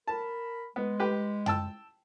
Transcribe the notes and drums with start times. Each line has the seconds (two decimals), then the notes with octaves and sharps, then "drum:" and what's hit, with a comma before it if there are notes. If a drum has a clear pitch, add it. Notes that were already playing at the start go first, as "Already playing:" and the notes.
0.08 A#4 A5 B5
0.76 G#3 B3
1.00 G4 B4
1.46 G5 A5 E6, drum: tom F#2